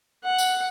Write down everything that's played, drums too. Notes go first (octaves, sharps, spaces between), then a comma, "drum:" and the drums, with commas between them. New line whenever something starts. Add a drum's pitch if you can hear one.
F#5
drum: tambourine